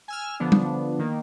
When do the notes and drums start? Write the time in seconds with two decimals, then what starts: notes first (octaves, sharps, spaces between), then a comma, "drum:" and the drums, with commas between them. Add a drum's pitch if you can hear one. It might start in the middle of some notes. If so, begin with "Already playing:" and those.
0.08 G#5 E6 F6
0.40 D3 F3 B3 D4
0.52 drum: tom
0.99 D#3 A#3